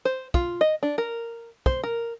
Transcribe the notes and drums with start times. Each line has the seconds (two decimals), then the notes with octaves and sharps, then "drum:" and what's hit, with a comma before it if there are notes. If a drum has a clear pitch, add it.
0.05 C5
0.34 F4, drum: kick
0.61 D#5
0.83 D4
0.98 A#4
1.66 C5, drum: kick
1.83 A#4